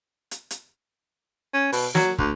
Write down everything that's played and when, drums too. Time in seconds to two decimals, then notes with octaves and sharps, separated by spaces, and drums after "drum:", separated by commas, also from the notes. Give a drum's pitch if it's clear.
0.31 drum: hi-hat
0.51 drum: hi-hat
1.54 C#4
1.73 B2, drum: open hi-hat
1.95 F#3, drum: snare
2.18 D2, drum: kick